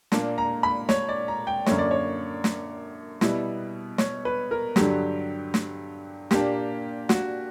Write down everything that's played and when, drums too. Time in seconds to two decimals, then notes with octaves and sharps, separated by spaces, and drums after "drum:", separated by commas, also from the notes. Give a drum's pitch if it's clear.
0.12 A#2 A#3 D4, drum: snare
0.38 A#5
0.63 B5
0.89 C#5, drum: snare
1.09 D5
1.28 A#5
1.47 G5
1.66 F#2 D3 A#3 C#5, drum: snare
1.78 D5
1.91 C#5
2.44 drum: snare
3.21 B2 G3 B3 E4, drum: snare
3.98 C#5, drum: snare
4.25 B4
4.51 A#4
4.76 G2 D3 F#3 G4, drum: snare
5.54 drum: snare
6.31 A#2 A#3 D4 G4, drum: snare
7.09 F#4, drum: snare